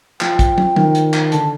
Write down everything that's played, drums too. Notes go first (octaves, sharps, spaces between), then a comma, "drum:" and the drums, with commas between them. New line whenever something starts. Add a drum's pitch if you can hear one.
F3 G5, drum: clap
drum: kick, hi-hat
drum: tom
D#3, drum: tom
drum: hi-hat
drum: clap
D3 A5, drum: hi-hat